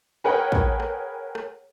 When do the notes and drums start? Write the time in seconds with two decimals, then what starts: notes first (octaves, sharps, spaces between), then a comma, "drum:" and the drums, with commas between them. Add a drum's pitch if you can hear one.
0.24 G#4 A#4 B4 C#5 F#5 G5
0.52 drum: kick
0.80 drum: rim click
1.35 drum: rim click